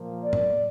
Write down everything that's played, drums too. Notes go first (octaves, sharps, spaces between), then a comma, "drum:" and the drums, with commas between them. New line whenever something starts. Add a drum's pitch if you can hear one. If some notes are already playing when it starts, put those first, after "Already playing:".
Already playing: A#2 F3 A#3
D5
drum: tom